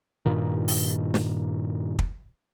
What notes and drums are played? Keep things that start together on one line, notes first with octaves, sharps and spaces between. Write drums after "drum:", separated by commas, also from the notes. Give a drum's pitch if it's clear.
G2 A#2 D#3
drum: open hi-hat
drum: snare
drum: kick